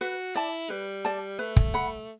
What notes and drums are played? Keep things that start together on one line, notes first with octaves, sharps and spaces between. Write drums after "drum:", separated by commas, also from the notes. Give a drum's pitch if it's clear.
F#4 B4
E4 D5 A5
G3 B4
D5 A5
A3 B4
drum: kick
F#5 B5